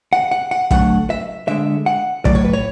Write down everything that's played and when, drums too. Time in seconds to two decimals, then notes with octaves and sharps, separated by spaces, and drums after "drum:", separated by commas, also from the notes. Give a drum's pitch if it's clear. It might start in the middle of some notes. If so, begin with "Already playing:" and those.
0.13 F#5
0.31 F#5
0.51 F#5
0.71 D3 F#3 A3 F#5, drum: kick
1.10 E5
1.48 D3 G#3 E5
1.86 F#5
2.25 A2 F#3 A3 D5, drum: kick
2.35 C#5
2.45 B4
2.53 C#5